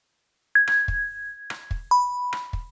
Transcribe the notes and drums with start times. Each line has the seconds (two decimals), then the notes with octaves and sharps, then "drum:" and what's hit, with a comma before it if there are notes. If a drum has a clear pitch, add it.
0.55 G#6
0.67 drum: rim click
0.88 drum: kick
1.50 drum: rim click
1.71 drum: kick
1.91 B5
2.33 drum: rim click
2.53 drum: kick